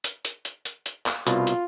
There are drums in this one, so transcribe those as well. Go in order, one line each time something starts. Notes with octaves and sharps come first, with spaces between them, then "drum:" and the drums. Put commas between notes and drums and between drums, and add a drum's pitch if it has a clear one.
drum: hi-hat
drum: hi-hat
drum: hi-hat
drum: hi-hat
drum: hi-hat
drum: clap
C2 B2 F4, drum: hi-hat
drum: hi-hat